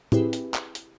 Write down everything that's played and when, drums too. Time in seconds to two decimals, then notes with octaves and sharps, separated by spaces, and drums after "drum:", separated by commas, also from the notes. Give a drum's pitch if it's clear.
0.12 C4 E4 G4 G#4 B4, drum: tom
0.33 drum: hi-hat
0.54 drum: clap
0.75 drum: hi-hat